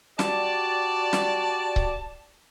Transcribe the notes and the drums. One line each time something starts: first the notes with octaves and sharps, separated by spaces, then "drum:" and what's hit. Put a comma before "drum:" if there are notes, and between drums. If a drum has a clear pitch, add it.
F#4 G4 D5 A5, drum: snare
drum: snare
drum: kick C#1